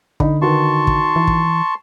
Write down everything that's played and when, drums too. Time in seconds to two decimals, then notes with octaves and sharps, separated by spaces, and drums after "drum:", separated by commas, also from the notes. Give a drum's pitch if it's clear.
0.20 D3 D#4 B5, drum: kick
0.42 D#3 F#4 B4 A5 C6 C#6
0.87 drum: kick
1.16 E3
1.27 drum: kick